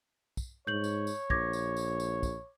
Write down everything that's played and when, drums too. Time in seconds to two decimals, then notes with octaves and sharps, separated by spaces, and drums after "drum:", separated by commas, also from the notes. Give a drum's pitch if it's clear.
0.37 drum: kick, tambourine
0.67 G#2 C#5 G6 F#7
0.84 drum: tambourine
1.07 drum: tambourine
1.30 A#1 D6 G#6 A#6, drum: kick
1.53 drum: tambourine
1.77 drum: tambourine
2.00 drum: tambourine
2.23 drum: kick, tambourine